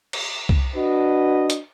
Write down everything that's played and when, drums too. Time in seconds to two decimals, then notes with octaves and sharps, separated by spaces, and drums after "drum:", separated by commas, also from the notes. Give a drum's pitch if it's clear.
0.13 drum: cymbal
0.49 drum: kick
0.75 D4 F#4 B4 D#5
1.50 drum: hi-hat